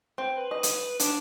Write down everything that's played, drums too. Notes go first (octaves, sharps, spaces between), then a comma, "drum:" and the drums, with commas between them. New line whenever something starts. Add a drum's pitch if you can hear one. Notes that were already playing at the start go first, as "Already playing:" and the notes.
C4
B4
D#5
drum: hi-hat
D4, drum: hi-hat